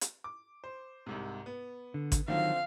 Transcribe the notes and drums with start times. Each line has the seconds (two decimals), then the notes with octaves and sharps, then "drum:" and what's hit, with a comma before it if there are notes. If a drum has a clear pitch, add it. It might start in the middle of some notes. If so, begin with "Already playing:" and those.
0.01 drum: hi-hat
0.24 D6
0.64 C5
1.06 C2 G#2 C3
1.46 B3
1.94 D3
2.12 drum: kick G#1, hi-hat
2.28 D3 D#3 F3 F#3 C4 F5